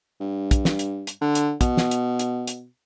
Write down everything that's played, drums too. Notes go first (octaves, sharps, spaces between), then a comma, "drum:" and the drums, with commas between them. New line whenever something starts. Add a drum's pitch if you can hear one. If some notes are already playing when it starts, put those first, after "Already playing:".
G2
drum: kick, hi-hat
drum: snare
drum: hi-hat
drum: hi-hat
D3
drum: hi-hat
B2, drum: kick, hi-hat
drum: snare
drum: hi-hat
drum: hi-hat
drum: hi-hat